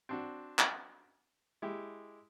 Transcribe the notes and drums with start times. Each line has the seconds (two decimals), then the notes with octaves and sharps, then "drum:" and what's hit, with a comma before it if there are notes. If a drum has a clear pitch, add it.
0.09 C4 D4 F#4
0.59 drum: clap
1.62 G#3 E4 G4